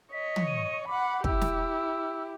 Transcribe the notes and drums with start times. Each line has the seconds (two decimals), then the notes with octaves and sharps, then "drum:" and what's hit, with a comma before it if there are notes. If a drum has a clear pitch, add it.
0.12 C#5 D#5 B6
0.36 drum: tom
0.47 D#7
0.88 F#5 B5 D6
1.24 E4 G4 E6, drum: kick
1.41 drum: snare